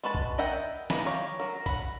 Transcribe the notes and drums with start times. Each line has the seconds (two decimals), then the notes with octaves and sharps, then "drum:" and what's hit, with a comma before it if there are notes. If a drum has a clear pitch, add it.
0.04 G#3 F#4 B4 A5
0.14 drum: kick B1
0.38 A#4 D#5 E5 F#5 G5
0.90 E3 A#3 E4 D#5 B5, drum: snare
1.06 G4 C#5 F5 A#5
1.40 F#3 A#4
1.66 F#5 B5, drum: kick B1, hi-hat